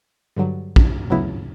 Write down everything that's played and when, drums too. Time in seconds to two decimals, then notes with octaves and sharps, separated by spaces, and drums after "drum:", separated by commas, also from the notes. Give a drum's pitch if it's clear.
0.36 G2 D3 F#3
0.76 drum: kick
1.10 D2 C#3 F#3 B3 E4